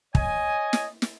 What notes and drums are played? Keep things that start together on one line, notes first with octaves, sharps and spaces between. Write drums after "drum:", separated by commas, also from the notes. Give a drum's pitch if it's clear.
C#5 D#5 G#5, drum: kick
drum: snare
drum: snare